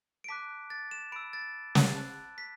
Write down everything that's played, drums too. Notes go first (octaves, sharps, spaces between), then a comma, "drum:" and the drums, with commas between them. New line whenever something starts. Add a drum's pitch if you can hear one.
D7
A5 D6 F#6 B6
A6
E7
B5 E6 D7
A6
drum: snare
A5 F#6
B6